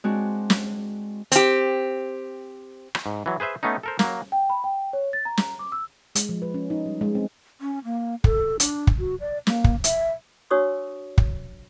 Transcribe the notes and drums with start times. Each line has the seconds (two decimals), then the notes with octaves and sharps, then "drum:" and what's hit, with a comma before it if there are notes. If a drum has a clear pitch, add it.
0.04 G#3 C4 D4 F#4
0.50 drum: snare
1.32 C4 G4, drum: hi-hat
2.95 drum: rim click
3.06 G#2
3.26 E3 F#3
3.40 G#4 B4 C5 E5
3.63 A3 B3 C#4 D#4
3.83 A4 A#4 C5
3.99 F#3 A#3, drum: snare
4.32 G5
4.50 B5
4.64 G5
4.93 C#5
5.13 A6
5.25 A#5
5.37 drum: snare
5.59 D6
5.72 E6
6.15 G#3, drum: hi-hat
6.29 F3
6.42 B4
6.54 C#4
6.70 D#4
6.86 G3
7.01 G#3
7.15 C4
7.61 C#4
7.84 A#3
8.24 A4, drum: kick
8.60 D4, drum: hi-hat
8.87 drum: kick
8.99 F#4
9.20 D5
9.47 A#3, drum: snare
9.64 drum: kick
9.84 E5, drum: hi-hat
10.50 D4 F#4 C#5 C#6 D#6 E6
11.18 drum: kick